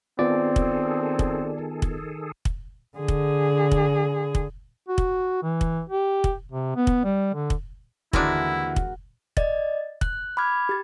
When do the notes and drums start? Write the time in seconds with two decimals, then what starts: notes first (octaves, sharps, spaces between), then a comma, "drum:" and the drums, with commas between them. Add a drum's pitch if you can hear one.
0.19 D#3 B3 C4 F4 G#4 A4 D5
0.56 drum: kick
1.19 drum: kick
1.82 drum: kick
2.45 drum: kick
2.98 D3 G#4
3.08 drum: kick
3.72 drum: kick
4.35 drum: kick
4.89 F#4
4.98 drum: kick
5.43 E3
5.61 drum: kick
5.90 G4
6.24 drum: kick
6.52 C3
6.76 B3
6.87 drum: kick
7.04 G3
7.34 D3
7.50 drum: kick
8.13 D#2 D3 E3 G#3 D4 E4 F#4 A#4, drum: kick
8.76 drum: kick
9.37 D5 D#5 A6, drum: kick
10.01 F#6, drum: kick
10.37 B5 D6 F6 G#6
10.69 G4 A6